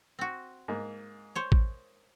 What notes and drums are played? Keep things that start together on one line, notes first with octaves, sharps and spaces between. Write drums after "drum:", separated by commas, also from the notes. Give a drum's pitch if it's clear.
C4 F#4
G#2 A#3
C5 C#5
drum: kick A1